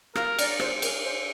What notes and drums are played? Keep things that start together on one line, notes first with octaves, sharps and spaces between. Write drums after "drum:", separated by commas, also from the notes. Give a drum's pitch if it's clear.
A#4 F5, drum: rim click
D5, drum: cymbal
C5, drum: rim click
A#4, drum: cymbal
C5